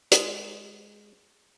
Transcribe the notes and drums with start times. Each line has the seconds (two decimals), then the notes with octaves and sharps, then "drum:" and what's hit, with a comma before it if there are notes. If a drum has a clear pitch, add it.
0.11 G#3, drum: hi-hat